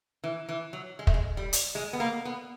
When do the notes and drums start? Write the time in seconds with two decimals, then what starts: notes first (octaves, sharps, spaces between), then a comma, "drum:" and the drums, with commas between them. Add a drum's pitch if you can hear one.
0.24 E3
0.49 E3
0.73 F#3
0.99 G#3
1.07 A3, drum: kick
1.14 G#3
1.37 G3
1.53 drum: hi-hat
1.75 G#3
1.93 B3
2.00 A#3
2.25 B3